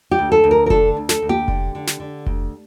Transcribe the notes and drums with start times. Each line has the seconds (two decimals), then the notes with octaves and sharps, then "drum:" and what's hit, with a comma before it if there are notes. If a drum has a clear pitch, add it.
0.11 G4
0.19 D2
0.32 A4
0.44 D2
0.51 A#4
0.66 A#4
0.70 D3 A4, drum: kick F1
0.97 D2
1.09 A4, drum: snare
1.22 D2
1.29 G4, drum: tom A#3
1.48 D3, drum: kick F1
1.75 D3
1.87 drum: snare
2.00 D3
2.26 D2, drum: kick F1